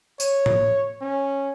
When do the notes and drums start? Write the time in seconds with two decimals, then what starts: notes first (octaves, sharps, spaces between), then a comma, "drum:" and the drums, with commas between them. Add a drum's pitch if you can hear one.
0.20 C#5, drum: tambourine
0.46 drum: tom A2
1.02 C#4